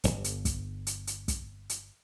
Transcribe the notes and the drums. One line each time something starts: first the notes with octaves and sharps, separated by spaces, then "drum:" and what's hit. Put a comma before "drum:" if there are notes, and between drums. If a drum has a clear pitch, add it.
D1 G1, drum: hi-hat
drum: hi-hat
drum: kick, hi-hat
drum: hi-hat
drum: hi-hat
drum: kick, hi-hat
drum: hi-hat